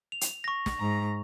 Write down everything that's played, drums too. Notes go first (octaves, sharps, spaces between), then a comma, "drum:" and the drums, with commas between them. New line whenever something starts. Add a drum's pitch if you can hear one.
F7
drum: hi-hat
C#6 A#6
drum: snare
G#2 A#5